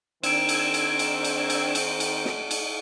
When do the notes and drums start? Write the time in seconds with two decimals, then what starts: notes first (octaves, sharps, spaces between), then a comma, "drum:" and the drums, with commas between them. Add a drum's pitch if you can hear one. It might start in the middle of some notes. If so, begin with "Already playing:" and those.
0.23 D#3 C4 D4 E6 G#6 D7 E7, drum: cymbal
0.49 drum: cymbal
0.74 drum: cymbal
0.99 drum: cymbal
1.24 drum: cymbal
1.50 drum: cymbal
1.75 drum: cymbal
2.00 drum: cymbal
2.25 drum: snare
2.51 drum: cymbal